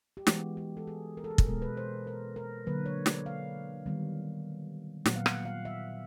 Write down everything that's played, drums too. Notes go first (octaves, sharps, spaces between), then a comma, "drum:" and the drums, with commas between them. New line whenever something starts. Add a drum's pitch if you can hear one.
G4
E3 G#3 B3 F#4, drum: snare
G4
A4
G#4
A#4
A4
G#4
A4, drum: kick
B2 G#3 B3 A#4
B4
C5
A#4
A#4
D3 F#3 A#3 B4
C#5
D5, drum: snare
F5
D#3 G3 B3
A#2 F#3 B3 F#5, drum: snare
F5
F#5, drum: rim click
F5
E5